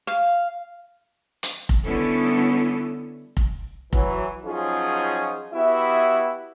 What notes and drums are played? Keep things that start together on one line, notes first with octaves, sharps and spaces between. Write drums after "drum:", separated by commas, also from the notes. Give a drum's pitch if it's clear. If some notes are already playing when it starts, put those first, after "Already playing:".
F5
drum: hi-hat
drum: kick F1
D3 G3 B3 C#4 E4 A4
drum: kick F1
E3 F#3, drum: kick F1
F3 F#3 C#4 D#4 F4 G#4
B3 E4 F#4 G4 E5